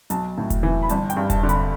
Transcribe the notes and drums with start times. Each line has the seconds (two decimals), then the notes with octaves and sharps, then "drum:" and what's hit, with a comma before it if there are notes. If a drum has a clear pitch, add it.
0.10 B1 A5, drum: hi-hat
0.38 A2
0.50 drum: kick E1, hi-hat
0.63 E3
0.83 B5
0.89 G1 A5, drum: hi-hat
1.10 G5, drum: hi-hat
1.17 G2
1.30 A5, drum: kick E1, hi-hat
1.43 D3
1.49 B5, drum: hi-hat